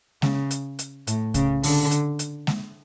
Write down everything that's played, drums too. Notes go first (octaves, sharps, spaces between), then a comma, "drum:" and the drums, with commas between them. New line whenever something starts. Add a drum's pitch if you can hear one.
C#3, drum: snare G#3
drum: hi-hat
drum: hi-hat
A2, drum: hi-hat
C#3, drum: kick C2, hi-hat
D3, drum: open hi-hat
drum: hi-hat
drum: hi-hat
drum: snare G#3